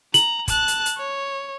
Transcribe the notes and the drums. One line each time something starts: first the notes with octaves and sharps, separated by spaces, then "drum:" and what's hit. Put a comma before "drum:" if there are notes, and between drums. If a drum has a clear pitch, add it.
A#5 F#7, drum: hi-hat
A5 F#6, drum: kick, hi-hat
drum: hi-hat
drum: hi-hat
C#5